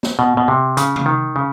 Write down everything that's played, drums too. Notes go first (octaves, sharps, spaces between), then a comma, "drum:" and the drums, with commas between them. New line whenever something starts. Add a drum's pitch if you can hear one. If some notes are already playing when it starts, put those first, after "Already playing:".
drum: snare
B2
B2
C3
C#3, drum: hi-hat
drum: tom C3
D#3
C#3